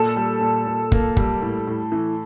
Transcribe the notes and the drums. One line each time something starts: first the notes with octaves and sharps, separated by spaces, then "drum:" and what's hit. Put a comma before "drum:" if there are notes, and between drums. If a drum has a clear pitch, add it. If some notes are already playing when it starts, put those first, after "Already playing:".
Already playing: A#2 A4
G3
A#2
A#2
A#3, drum: kick
G3, drum: kick
A2
A2
E3